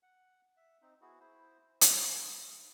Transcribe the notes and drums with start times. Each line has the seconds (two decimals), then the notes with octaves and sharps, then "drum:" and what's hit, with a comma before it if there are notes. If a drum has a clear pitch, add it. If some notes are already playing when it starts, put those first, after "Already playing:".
0.03 F#5
0.57 E5
0.82 C4 D#4
1.01 B3 E4 F#4 G#4
1.20 E4 C5
1.81 G3 D#6, drum: hi-hat